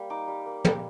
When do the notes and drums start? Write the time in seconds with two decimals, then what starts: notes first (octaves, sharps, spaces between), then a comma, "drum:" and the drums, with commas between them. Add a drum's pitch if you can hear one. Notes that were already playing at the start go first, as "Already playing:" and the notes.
Already playing: G3 A#3
0.10 D#4 A#5 D6
0.28 G3
0.46 A#3
0.65 G3, drum: tom